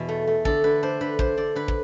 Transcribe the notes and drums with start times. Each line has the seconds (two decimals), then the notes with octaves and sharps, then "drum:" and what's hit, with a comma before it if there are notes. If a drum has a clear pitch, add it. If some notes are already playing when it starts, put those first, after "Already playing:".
Already playing: E2 B2
0.08 A3
0.27 A3
0.45 D3 A4, drum: kick
0.64 D3 B4
0.83 D4 C5
1.01 D3 B4
1.19 D3 C5, drum: kick
1.37 D3 D5
1.55 D3 B4
1.68 drum: kick